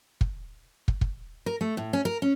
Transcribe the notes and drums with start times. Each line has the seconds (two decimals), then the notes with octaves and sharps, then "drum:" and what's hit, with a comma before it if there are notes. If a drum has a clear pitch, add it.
0.21 drum: kick
0.88 drum: kick
1.01 drum: kick
1.46 A#4
1.61 A3
1.77 A2
1.93 C#4
2.05 A#4
2.22 C#4